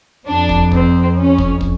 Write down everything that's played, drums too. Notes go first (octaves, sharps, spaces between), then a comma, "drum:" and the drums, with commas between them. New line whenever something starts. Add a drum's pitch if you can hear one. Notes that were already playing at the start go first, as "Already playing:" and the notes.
F2 D4
drum: kick
C4, drum: kick
C#4
drum: kick
drum: kick